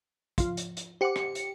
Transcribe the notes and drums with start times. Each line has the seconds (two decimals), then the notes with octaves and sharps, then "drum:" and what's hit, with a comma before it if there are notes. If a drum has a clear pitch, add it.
0.38 F3 F4, drum: kick, hi-hat
0.57 drum: hi-hat
0.77 drum: hi-hat
1.01 G4 C5 F#5 D6 C#7
1.16 drum: rim click
1.35 drum: hi-hat